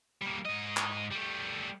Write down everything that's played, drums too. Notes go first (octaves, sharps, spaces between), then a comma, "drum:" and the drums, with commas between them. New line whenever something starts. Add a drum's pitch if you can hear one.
G3 A#3
G#2 D#5
drum: clap
G3 A3